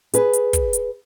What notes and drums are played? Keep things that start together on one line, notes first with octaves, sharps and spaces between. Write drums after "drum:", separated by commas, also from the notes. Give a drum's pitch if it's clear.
G#4 B4, drum: hi-hat
drum: hi-hat
drum: kick, hi-hat
drum: hi-hat